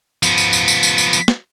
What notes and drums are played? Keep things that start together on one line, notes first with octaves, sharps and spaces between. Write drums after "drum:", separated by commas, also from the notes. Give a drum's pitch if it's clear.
F3 B3, drum: tambourine
drum: tambourine
drum: tambourine
drum: tambourine
drum: tambourine
drum: tambourine
drum: tambourine
drum: snare